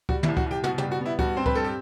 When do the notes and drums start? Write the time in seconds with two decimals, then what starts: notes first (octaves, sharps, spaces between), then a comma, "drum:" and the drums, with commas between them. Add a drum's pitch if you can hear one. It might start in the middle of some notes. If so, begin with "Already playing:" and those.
0.09 G3 F#4, drum: kick C#2
0.23 E4, drum: tom
0.28 C2
0.37 F#4, drum: kick C#2
0.46 C2 G4
0.64 B2 F#4, drum: tom
0.78 G4, drum: tom
0.82 G3
0.91 F#4
1.01 B3 E4
1.19 G2 F#4, drum: kick C#2
1.36 C4 C5
1.46 B4, drum: kick C#2
1.55 G2 A4
1.64 G4